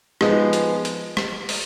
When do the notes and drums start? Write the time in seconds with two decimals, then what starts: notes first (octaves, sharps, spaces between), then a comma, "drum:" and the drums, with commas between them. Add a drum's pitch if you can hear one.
0.21 F3 G#3 B3 D#4 G#4, drum: rim click
0.53 drum: hi-hat
0.85 drum: hi-hat
1.17 drum: rim click
1.49 drum: open hi-hat